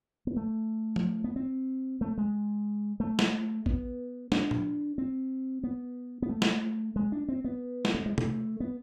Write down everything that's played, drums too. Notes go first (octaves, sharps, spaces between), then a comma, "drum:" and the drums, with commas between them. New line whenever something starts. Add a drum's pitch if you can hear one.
B3
A3
drum: tom
B3
C4
A3
G#3
A3
drum: snare
B3, drum: kick
D4, drum: snare
drum: tom
C4
B3
B3
A3
drum: snare
G#3
D4
C4
B3
drum: snare
A3
G#3
A3, drum: tom
B3